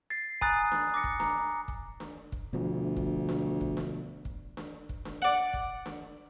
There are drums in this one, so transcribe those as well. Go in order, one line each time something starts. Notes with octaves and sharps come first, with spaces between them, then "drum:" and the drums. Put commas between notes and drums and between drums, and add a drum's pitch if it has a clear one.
A6 C7
G#5 A#5 B5 D#6 F#6 A6, drum: kick
drum: snare D4
D6 A#6 C#7
drum: kick
A#5, drum: snare D4
drum: kick
drum: snare D4
drum: kick
D2 B2 F3
drum: kick
drum: snare D4
drum: kick
drum: snare D4
drum: kick
drum: snare D4
drum: kick
drum: snare D4
D5 F#5
drum: kick
drum: snare D4